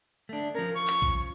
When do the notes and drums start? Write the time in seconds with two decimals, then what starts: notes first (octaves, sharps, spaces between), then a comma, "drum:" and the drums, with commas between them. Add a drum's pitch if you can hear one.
0.29 A3 D4
0.54 F3 C#4 A#4
0.75 C#6
0.88 drum: clap
1.02 drum: kick